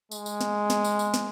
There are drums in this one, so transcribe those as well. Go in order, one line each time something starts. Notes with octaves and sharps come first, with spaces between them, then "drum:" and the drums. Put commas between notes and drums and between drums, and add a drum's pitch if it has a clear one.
G#3, drum: tambourine
drum: tambourine
drum: snare
drum: snare
drum: tambourine
drum: tambourine
drum: snare